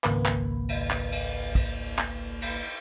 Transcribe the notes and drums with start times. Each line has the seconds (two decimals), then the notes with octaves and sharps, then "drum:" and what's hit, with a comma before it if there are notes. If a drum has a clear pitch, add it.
0.04 G#1 C#2 A#3 B4, drum: clap
0.26 drum: clap
0.69 drum: cymbal
0.90 drum: clap
1.12 drum: cymbal
1.55 drum: kick, cymbal
1.99 drum: clap
2.42 drum: cymbal